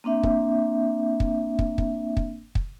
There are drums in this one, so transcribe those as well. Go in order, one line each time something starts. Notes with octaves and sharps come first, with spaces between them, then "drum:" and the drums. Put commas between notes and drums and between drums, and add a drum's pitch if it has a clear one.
A#3 C4 D4 E5
drum: kick
drum: kick
drum: kick
drum: kick
drum: kick
drum: kick